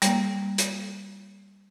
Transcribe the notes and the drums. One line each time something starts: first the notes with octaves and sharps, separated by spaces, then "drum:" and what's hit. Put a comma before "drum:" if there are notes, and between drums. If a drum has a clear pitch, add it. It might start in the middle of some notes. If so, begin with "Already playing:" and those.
G3 A#3, drum: hi-hat
drum: hi-hat